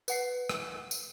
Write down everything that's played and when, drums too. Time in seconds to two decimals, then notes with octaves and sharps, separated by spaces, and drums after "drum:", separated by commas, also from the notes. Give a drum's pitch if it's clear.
0.08 B4 F#5 C7, drum: tambourine
0.49 drum: rim click
0.91 drum: tambourine